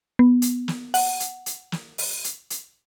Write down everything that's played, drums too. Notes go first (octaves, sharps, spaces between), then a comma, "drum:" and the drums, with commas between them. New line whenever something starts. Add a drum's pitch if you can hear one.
B3
drum: hi-hat
drum: snare
F#5, drum: open hi-hat
drum: hi-hat
drum: hi-hat
drum: snare
drum: open hi-hat
drum: hi-hat
drum: hi-hat